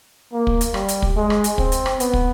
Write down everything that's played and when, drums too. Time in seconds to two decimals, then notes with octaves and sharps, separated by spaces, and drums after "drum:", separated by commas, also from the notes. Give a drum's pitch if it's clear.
0.33 A#3
0.47 drum: kick
0.61 drum: hi-hat
0.74 G3, drum: rim click
0.88 drum: hi-hat
1.02 drum: kick
1.16 G#3
1.30 drum: rim click
1.44 drum: hi-hat
1.58 C4, drum: kick
1.72 drum: hi-hat
1.86 drum: rim click
2.00 B3, drum: hi-hat
2.13 drum: kick